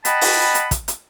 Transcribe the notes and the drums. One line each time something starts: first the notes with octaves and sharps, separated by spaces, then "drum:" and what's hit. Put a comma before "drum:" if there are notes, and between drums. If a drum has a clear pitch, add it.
D#5 F#5 G5 A5 B5, drum: hi-hat
drum: open hi-hat
drum: hi-hat
drum: kick, hi-hat
drum: hi-hat